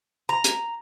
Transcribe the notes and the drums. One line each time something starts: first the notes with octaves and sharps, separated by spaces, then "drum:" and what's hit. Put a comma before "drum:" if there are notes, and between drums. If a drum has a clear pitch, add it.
A#5
drum: hi-hat